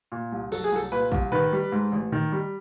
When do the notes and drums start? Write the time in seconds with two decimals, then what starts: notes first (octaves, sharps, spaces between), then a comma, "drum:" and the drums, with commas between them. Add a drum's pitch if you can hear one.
0.12 A#2
0.32 C2
0.52 F#3 A4, drum: cymbal
0.64 G#4
0.72 C2 A4
0.91 A#2 B4
1.12 C2, drum: kick
1.32 D#3 B4, drum: tom A2
1.52 G3
1.72 G#2
1.92 A1
2.12 D#3, drum: tom A2
2.32 G3